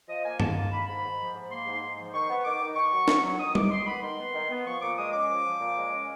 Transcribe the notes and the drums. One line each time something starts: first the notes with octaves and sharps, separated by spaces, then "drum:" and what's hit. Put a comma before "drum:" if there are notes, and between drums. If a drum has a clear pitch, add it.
F3 D#5
A#3 G#5
G#2 A5, drum: tom
A#3 A5
A#3 B5
G#2 B5
G#2
F3
G#2
A#3 C6
G#2
G#2
F3
D#3 C#6
B3
D#3 D6
D#3
D#3 C#6
F#3
F#3, drum: snare
F#3
D#3 D#6
D#3 D6, drum: tom G3
D#3 C6
B3 B5
D#3 C6
B3
D#3
B3
F3 C#6
A#2 D6
G#3 D#6
C#4 D6
F3
F3
A#2
G#3
C#4